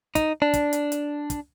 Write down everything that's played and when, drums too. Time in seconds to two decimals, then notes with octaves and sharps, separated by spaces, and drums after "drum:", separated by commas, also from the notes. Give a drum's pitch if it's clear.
0.15 D#4, drum: kick, hi-hat
0.42 D4
0.54 drum: kick, hi-hat
0.73 drum: hi-hat
0.92 drum: hi-hat
1.30 drum: kick, hi-hat